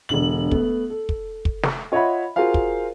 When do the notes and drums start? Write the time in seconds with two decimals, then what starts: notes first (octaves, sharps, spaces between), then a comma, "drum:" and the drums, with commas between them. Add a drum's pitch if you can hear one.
0.09 E1 D3 F#7
0.51 A3 B3, drum: kick
0.90 A4
1.09 drum: kick
1.45 drum: kick
1.63 drum: snare
1.92 F4 C#5 D#5 E5 F#5 B5
2.36 F4 F#4 G#4 A#4 C5 F5
2.54 drum: kick